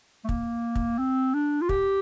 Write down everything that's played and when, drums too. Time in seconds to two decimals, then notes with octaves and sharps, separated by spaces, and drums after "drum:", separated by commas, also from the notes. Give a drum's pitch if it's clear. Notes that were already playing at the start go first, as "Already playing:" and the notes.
0.24 A3
0.29 A#3, drum: kick
0.75 drum: kick
0.99 C4
1.34 D4
1.62 F4
1.69 G4, drum: kick